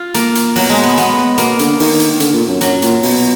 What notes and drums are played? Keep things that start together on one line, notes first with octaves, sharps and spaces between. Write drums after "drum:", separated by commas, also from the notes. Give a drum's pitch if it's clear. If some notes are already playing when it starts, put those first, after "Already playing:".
Already playing: F4
A#3, drum: hi-hat
drum: hi-hat
B2 F#3, drum: open hi-hat
G#3
B3
B3, drum: hi-hat
drum: snare
B2 A#3, drum: hi-hat
D3, drum: hi-hat
D#3, drum: open hi-hat
drum: hi-hat
D3, drum: hi-hat
A#2
F#2
F#2 F#3, drum: hi-hat
A#2, drum: hi-hat
B2, drum: open hi-hat